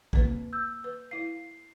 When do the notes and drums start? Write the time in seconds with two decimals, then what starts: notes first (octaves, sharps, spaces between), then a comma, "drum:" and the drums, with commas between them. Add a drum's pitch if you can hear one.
0.13 A#3 C4 B4, drum: kick
0.53 E6 G6
0.84 B4
1.11 E4 F5 C7